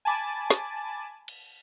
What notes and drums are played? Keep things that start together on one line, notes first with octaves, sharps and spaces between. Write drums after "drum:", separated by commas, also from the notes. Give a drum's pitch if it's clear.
G#5 A5 B5 D6 A6
drum: snare
drum: cymbal